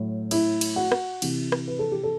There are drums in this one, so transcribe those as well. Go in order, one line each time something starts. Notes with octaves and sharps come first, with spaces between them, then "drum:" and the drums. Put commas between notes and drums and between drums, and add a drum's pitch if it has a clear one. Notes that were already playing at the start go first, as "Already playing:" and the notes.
Already playing: A2 F#3
E4, drum: cymbal
drum: cymbal
F#4
drum: rim click
C3 E3, drum: cymbal
drum: rim click
B4
A4
G4
A4